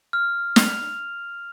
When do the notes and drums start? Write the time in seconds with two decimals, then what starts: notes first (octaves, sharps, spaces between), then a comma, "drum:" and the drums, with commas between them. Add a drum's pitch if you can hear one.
0.13 F6
0.56 F7, drum: snare